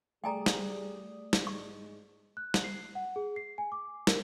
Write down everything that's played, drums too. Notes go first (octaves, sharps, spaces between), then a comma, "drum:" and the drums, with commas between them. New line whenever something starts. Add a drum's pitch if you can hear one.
G3 A3 G#4 D5 G5 G#5 A#5 D#6
drum: snare
drum: snare
G#2 G#3 C#6
F#6
drum: snare
C7
F#5
G#4
C7
G#5
D6
A#4, drum: snare